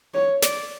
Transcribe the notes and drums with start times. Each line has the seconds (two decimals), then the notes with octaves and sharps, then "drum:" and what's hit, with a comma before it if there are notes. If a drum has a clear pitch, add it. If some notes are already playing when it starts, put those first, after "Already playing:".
0.14 C#5
0.42 D5, drum: snare